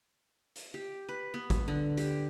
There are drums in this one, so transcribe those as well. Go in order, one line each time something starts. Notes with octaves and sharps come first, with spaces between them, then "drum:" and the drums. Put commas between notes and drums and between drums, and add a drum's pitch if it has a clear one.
drum: hi-hat
G4
B4
B3
drum: kick, hi-hat
D3
G4, drum: hi-hat